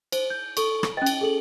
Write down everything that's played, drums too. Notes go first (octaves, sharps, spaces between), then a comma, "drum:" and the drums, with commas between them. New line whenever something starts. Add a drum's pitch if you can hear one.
C5, drum: cymbal
G6
A4 C#6, drum: cymbal
drum: rim click
C#4 D#5 G5
drum: cymbal
G#4 A4 F#7